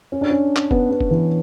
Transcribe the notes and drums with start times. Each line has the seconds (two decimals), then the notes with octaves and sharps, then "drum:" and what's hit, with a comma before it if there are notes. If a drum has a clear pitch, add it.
0.12 C#4
0.21 D4
0.31 C#4
0.56 drum: clap
0.71 B3, drum: kick
0.90 B3
1.01 drum: kick
1.11 E3